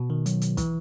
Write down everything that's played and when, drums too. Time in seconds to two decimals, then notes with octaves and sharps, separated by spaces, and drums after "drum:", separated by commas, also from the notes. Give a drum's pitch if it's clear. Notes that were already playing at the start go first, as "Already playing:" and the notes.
Already playing: B2
0.10 D#3
0.26 F#3, drum: hi-hat
0.41 drum: hi-hat
0.57 E3, drum: kick, hi-hat